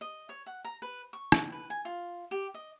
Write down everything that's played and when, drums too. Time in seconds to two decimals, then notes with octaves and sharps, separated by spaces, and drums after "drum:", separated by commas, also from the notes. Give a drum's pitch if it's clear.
0.01 D#5
0.29 C#5
0.46 F#5
0.65 A#5
0.82 B4
1.13 C#6
1.32 drum: rim click
1.52 B4
1.70 G#5
1.85 F4
2.31 G4
2.54 D#5